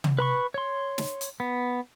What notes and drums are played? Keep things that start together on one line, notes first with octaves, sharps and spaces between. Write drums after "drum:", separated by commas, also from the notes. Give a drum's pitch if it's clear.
drum: tom
B4 B5 C#6
C#5 C6
drum: snare
drum: hi-hat
B3